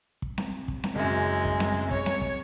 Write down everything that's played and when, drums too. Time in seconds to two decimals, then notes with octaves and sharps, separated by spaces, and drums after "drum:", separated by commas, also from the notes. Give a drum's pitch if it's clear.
0.22 drum: kick
0.38 drum: snare C4
0.68 drum: kick
0.84 drum: snare C4
0.95 F#1 F#2 G#3
1.45 drum: kick
1.60 drum: snare C4
1.91 C#5, drum: kick
2.06 drum: snare C4
2.21 drum: kick